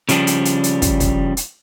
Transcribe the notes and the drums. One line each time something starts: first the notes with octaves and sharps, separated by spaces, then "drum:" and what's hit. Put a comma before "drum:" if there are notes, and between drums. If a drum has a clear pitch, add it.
C#3 F3 G3 D4, drum: hi-hat
drum: hi-hat
drum: hi-hat
drum: hi-hat
drum: kick, hi-hat
drum: kick, hi-hat
drum: hi-hat